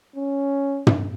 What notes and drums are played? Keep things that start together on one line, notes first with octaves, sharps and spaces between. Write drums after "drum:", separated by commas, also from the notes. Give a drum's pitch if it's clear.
C#4
drum: tom